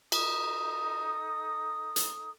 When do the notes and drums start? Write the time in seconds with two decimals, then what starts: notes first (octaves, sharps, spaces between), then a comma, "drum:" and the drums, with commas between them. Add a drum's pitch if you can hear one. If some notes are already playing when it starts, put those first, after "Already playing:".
0.12 D#4 A4 D#6, drum: cymbal
1.96 drum: hi-hat